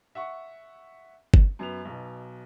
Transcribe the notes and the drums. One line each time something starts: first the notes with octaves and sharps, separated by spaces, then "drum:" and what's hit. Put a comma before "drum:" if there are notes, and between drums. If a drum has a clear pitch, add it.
E5 F#5 C#6
drum: kick G1
F#2 B3 F7
B1 B2